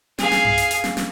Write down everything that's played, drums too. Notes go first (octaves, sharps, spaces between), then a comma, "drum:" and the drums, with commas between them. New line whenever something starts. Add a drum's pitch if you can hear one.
G#4 F5, drum: snare
drum: snare
drum: tom F#2
drum: hi-hat
drum: hi-hat
drum: snare
drum: snare